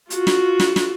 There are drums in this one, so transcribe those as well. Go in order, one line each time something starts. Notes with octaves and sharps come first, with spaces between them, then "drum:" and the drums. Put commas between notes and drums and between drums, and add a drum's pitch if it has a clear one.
F4 F#4, drum: hi-hat
drum: snare
drum: snare
drum: snare